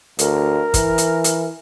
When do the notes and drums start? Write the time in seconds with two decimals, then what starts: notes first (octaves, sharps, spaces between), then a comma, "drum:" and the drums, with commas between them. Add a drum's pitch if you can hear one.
0.19 D2 A#4, drum: hi-hat
0.74 E3, drum: kick, hi-hat
0.98 drum: hi-hat
1.24 drum: hi-hat